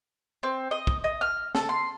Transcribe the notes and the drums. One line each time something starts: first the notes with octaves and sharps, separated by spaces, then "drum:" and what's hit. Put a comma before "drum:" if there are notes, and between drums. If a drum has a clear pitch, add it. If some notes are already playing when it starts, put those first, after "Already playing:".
C4
D#5
drum: kick
D#5
F6
A4, drum: snare
C6